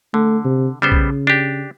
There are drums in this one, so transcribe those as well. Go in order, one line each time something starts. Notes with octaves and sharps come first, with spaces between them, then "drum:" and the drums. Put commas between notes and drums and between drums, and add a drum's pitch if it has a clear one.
D3 A3
C3
C#3 G3 B3 C5
drum: kick
D4 G4